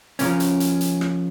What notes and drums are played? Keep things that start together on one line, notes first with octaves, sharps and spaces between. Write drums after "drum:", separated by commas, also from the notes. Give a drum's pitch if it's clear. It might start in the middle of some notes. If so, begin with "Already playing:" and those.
C#3 F3 A#3 C#4, drum: hi-hat
drum: hi-hat
drum: hi-hat
drum: hi-hat
drum: rim click